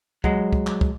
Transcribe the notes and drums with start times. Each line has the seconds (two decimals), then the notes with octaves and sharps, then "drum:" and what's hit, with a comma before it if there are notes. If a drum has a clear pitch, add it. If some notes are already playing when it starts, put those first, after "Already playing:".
0.24 F#3 G#3, drum: kick
0.53 drum: kick
0.67 drum: clap
0.81 drum: kick